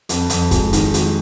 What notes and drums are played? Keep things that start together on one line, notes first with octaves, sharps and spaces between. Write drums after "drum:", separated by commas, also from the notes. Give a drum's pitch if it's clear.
F2, drum: hi-hat
F2, drum: hi-hat
G#3, drum: kick, hi-hat
D#3, drum: hi-hat
G#3, drum: hi-hat